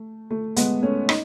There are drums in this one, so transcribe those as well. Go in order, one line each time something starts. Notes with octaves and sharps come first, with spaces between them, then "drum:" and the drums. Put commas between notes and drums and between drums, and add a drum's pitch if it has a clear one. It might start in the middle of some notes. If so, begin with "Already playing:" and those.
Already playing: A3
A3
G#3 B3, drum: hi-hat
A3 C#4
D#4, drum: rim click